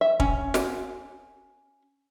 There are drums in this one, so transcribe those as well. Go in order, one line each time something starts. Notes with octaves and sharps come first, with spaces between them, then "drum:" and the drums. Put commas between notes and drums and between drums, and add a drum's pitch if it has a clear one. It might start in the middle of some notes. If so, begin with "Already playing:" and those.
E5
C#4, drum: kick
drum: snare